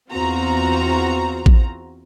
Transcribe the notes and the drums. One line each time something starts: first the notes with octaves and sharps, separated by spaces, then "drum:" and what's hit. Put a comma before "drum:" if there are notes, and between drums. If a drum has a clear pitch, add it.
E2 C4 F4 F#4 A#5
drum: kick A1